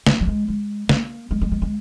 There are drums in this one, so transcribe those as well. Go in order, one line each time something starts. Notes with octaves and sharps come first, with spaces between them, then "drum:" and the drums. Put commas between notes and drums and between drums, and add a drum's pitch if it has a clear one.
G3, drum: snare
G3
G#3
G#3
A#3, drum: snare
G#3
G#3
G#3
G#3